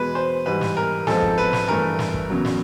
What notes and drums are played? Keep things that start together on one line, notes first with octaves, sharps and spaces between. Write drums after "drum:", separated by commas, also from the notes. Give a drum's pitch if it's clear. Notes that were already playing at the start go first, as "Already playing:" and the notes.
Already playing: E2 B2 G#3 B4
C5
G#2 E3 G3 B4
drum: snare
A#4
G#2 F3 G#3 C4 A4, drum: snare
drum: kick
B4
drum: snare
G2 E3 A3 A#4
drum: snare
drum: kick
E2 C#3 F#3
drum: snare